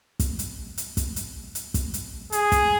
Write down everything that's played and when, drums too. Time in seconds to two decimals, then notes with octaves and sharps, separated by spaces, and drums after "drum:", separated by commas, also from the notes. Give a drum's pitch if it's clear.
0.19 drum: kick, hi-hat
0.39 drum: hi-hat
0.78 drum: hi-hat
0.97 drum: kick, hi-hat
1.16 drum: hi-hat
1.55 drum: hi-hat
1.74 drum: kick, hi-hat
1.94 drum: hi-hat
2.32 G#4, drum: hi-hat
2.52 drum: kick, hi-hat